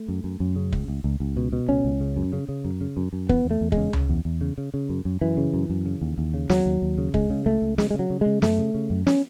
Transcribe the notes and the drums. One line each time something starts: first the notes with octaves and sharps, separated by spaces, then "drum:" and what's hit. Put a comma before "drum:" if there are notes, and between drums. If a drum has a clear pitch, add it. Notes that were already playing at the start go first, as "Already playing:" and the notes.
Already playing: A3
F#2
F#2
F#2
C#3
C#2, drum: kick
C#2
C#2
C#2
B2
B2
C#2 C#4
C#2
C#3
F#2
C#3
C#3
F#2
C#3
F#2
F#2
E2 B3, drum: kick
E2
A3
E2
C#3 G#3, drum: kick
C#3, drum: tom C#2
E2
E2
C#3
C#3
C#3
F#2
F#2
F#2 E3
C#3
F#2
F#2
C#3
D#2
D#2
C#3
D#2 F#3, drum: snare
D#2
D#2
C#3
C#2 G#3, drum: kick
C#3
C#2 A3
C#2
C#3 G#3, drum: snare
G#3
C#3
F#3
C#3
C#3 G#3
F#2 A3, drum: snare
C#3
C#3
F#2
C#4, drum: snare